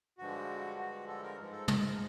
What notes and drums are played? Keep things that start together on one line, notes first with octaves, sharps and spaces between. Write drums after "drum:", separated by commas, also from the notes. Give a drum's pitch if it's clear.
G2 D3 F3 G#3 F#4
F#4
A4
A#4
G#2 F3 G#3
A4
A#4, drum: tom